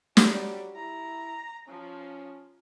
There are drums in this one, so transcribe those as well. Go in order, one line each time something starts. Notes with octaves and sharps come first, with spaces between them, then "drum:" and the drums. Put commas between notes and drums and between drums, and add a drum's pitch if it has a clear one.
F#3 G3, drum: snare
E4 A#5
F3 C#4